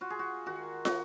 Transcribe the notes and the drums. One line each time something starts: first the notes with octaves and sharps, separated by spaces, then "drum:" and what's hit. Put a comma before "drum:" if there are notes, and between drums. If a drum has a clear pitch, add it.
F4 F#4
G#4
F#4
D#3 F#4
F#4, drum: snare